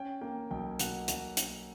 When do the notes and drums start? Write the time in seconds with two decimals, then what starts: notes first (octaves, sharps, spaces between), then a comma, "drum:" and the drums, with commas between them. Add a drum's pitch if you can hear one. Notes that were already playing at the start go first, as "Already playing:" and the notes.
Already playing: C#4 G5
0.21 A#3 G5
0.51 B1 G5
0.79 B2 F#5, drum: hi-hat
1.08 B1, drum: hi-hat
1.37 A#3, drum: hi-hat